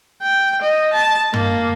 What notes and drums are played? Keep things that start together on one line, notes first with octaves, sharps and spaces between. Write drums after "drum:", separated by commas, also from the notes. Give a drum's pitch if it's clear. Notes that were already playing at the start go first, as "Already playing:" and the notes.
G5
D#5
A5
A#3, drum: tom